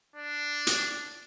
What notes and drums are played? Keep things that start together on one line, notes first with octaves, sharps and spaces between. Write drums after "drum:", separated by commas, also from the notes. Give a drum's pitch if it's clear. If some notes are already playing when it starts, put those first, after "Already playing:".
D4
drum: hi-hat